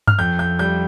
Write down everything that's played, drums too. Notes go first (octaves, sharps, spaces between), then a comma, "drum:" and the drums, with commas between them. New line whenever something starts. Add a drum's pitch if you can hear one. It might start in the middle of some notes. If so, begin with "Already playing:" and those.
F6, drum: tom G2
F2 G6
F2 G6
G3 G6